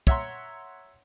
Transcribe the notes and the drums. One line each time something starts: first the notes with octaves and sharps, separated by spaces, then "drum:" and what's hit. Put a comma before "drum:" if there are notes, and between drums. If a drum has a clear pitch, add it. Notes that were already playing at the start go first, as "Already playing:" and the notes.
C#5 E5 F#5 A#5 C6, drum: kick